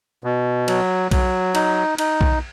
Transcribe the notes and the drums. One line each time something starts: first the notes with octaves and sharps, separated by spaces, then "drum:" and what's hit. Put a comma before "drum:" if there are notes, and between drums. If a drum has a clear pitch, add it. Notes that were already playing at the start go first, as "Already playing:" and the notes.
B2
F#3, drum: cymbal
F#3, drum: kick B1, cymbal
D#4, drum: cymbal
D#4, drum: cymbal
drum: kick B1